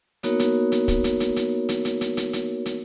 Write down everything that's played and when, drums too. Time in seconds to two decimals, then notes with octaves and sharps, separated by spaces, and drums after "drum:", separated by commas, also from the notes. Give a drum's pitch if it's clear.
0.23 A#3 B3 D#4 F#4 A#4 C#5, drum: hi-hat
0.39 drum: hi-hat
0.72 drum: hi-hat
0.88 drum: kick, hi-hat
1.04 drum: hi-hat
1.20 drum: hi-hat
1.36 drum: hi-hat
1.69 drum: hi-hat
1.85 drum: hi-hat
2.01 drum: hi-hat
2.17 drum: hi-hat
2.33 drum: hi-hat
2.66 drum: hi-hat